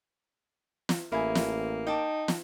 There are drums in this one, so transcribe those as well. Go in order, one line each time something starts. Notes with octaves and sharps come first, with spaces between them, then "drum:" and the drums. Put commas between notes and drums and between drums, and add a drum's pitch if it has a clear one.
drum: snare
A1 A#3 E4 G#4 G#5
drum: snare
D#4 G5 A5 D6
drum: snare